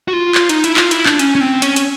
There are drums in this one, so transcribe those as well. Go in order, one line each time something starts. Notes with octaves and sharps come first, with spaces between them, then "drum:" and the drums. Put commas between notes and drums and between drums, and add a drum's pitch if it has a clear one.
F#4
F4
drum: clap
D#4, drum: hi-hat
E4, drum: hi-hat
F4, drum: clap
E4, drum: hi-hat
D4, drum: clap
C#4, drum: hi-hat
C#4
C4
C#4, drum: hi-hat
drum: hi-hat